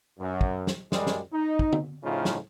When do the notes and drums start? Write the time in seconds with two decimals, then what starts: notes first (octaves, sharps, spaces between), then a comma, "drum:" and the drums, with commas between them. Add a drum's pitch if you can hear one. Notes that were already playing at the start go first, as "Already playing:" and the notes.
0.19 F#2
0.41 drum: kick
0.67 drum: snare
0.92 F#2 G3 G#3, drum: snare
1.07 drum: snare
1.33 D#4
1.59 drum: kick
1.73 drum: tom
2.04 A2 C#3 F3 A3 D#4 F4
2.25 drum: snare